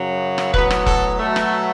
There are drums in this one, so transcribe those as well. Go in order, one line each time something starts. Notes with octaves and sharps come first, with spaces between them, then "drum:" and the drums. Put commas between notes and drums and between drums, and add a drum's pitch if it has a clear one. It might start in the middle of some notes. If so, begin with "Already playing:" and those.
Already playing: F#2 C#3 F#3
drum: rim click
A2 F#3 B3 B4, drum: kick E1
drum: rim click
A4, drum: kick E1
B2 F#3 A3
drum: rim click